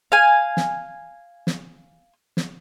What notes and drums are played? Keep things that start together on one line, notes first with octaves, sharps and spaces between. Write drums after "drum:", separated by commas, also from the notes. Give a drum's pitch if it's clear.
F5 G#5
drum: snare
drum: snare
drum: snare